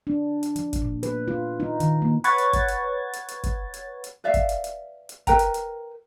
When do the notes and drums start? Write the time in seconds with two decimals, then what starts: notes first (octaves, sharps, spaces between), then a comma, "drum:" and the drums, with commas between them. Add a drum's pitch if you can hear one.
0.07 D4
0.43 drum: hi-hat
0.56 F3, drum: hi-hat
0.73 drum: kick, hi-hat
0.82 A#2
1.03 B4, drum: hi-hat
1.28 F4
1.60 D#4
1.80 D#3, drum: hi-hat
2.02 A#3
2.24 B4 C#5 F#5 G#6 A6, drum: hi-hat
2.38 drum: hi-hat
2.53 drum: kick, hi-hat
2.68 drum: hi-hat
3.13 drum: hi-hat
3.28 drum: hi-hat
3.44 drum: kick, hi-hat
3.74 drum: hi-hat
4.04 drum: hi-hat
4.24 B4 D5 E5 F5
4.34 drum: kick, hi-hat
4.49 drum: hi-hat
4.64 drum: hi-hat
5.09 drum: hi-hat
5.27 A#4 B4 G5 A#5, drum: kick, hi-hat
5.39 drum: hi-hat
5.54 drum: hi-hat